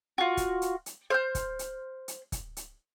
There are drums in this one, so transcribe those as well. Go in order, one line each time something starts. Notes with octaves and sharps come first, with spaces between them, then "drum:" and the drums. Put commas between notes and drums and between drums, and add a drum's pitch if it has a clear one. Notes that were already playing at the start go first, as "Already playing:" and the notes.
F4 F#4
drum: kick, hi-hat
drum: hi-hat
drum: hi-hat
C5 F6 G6
drum: kick, hi-hat
drum: hi-hat
drum: hi-hat
drum: kick, hi-hat
drum: hi-hat